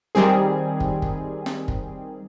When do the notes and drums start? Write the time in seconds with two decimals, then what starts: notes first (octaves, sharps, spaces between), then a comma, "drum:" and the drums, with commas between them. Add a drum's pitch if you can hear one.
0.15 D#3 G3 C4 G#4
0.80 drum: kick
1.02 drum: kick
1.46 drum: snare
1.68 drum: kick